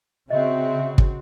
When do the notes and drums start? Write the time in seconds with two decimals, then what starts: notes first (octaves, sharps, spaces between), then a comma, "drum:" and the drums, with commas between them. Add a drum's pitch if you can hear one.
0.30 C#3 C4 F#4 D#5 E5
0.98 drum: kick